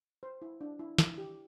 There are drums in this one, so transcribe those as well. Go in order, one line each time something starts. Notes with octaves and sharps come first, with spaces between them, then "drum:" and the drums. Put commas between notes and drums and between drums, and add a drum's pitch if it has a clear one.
C5
E4
D4
E4
E4, drum: snare
G4